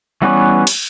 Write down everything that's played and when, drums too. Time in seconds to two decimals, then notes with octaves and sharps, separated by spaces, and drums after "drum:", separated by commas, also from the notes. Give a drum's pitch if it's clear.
0.22 E3 G3 B3 C#4 B4
0.67 drum: cymbal